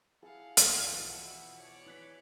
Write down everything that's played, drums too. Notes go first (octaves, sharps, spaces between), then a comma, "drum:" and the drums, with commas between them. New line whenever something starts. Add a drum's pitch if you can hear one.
E4 G#4 F5 F#5 A5
E3 E4 A4, drum: hi-hat
B2 F3 E5 F#5
C#5 D5
E3 F#6 B6